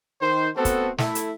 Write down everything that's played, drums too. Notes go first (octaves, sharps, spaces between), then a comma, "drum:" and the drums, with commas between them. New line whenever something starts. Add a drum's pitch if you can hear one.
D#3 C5
A3 B3 C4 F#4 A4
drum: kick, hi-hat
A3 E4, drum: snare
drum: hi-hat